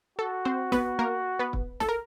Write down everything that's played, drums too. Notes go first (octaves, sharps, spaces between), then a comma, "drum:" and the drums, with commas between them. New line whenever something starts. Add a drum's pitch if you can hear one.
F#4 A4
C4 C5
B3 B4, drum: snare
A#3 A#4
B3 B4
drum: kick
A4, drum: snare
A#4